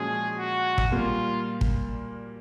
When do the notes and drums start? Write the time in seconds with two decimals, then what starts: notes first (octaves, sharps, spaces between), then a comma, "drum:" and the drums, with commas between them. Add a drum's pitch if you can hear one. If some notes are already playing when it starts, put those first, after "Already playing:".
Already playing: A#2 F3 G#3 C#4 F#4 G#4
0.35 F#4
0.78 drum: kick
0.91 A#2 G3 A#3 F4
1.61 drum: kick